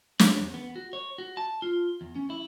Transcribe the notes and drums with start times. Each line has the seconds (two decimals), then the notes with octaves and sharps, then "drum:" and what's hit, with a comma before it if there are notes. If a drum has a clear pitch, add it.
0.19 D4, drum: snare
0.40 E2
0.54 B3
0.76 F#4
0.93 C#5
1.18 F#4
1.37 A5
1.62 F4
2.01 E2
2.16 C#4
2.30 E4